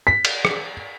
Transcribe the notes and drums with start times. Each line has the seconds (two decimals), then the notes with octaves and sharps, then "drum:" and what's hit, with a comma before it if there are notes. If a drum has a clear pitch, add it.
0.07 B6
0.25 drum: cymbal
0.45 drum: rim click